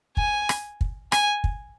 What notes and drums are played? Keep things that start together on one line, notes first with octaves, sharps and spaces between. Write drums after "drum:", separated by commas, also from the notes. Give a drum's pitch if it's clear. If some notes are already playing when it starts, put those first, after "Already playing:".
G#5, drum: kick
drum: rim click
drum: kick
G#5, drum: rim click
drum: kick